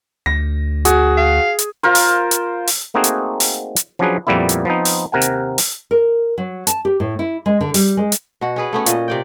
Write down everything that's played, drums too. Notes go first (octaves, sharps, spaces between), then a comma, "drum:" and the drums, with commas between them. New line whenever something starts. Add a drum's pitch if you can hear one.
D2 A#6
F#4 G#4, drum: hi-hat
F5
drum: hi-hat
F4 A#4 C5
drum: open hi-hat
drum: hi-hat
drum: open hi-hat
A3 A#3 C4 D#4 F#4 G#4
drum: hi-hat
drum: open hi-hat
drum: hi-hat
F3 F#3 C#4 D4 G#4 B4
F2 A#2 G3 A#3 B3 E4
drum: hi-hat
F3 B3 C4 D#4
drum: open hi-hat
D#2 C3 A#4 F#5 G#5
drum: hi-hat
drum: open hi-hat
A#4
F#3
A5, drum: hi-hat
G4
A2
E4
G#3
D3
G3, drum: open hi-hat
G#3
drum: hi-hat
B2 F#4
C#4 G#4 B4
A3 B3 C#4
A#2 D#5, drum: hi-hat
C3 D5 G5